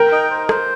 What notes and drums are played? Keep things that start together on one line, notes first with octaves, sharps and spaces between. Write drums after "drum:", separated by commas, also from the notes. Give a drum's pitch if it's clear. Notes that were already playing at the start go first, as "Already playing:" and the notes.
Already playing: A#4 G5
D#4
C5
C5, drum: rim click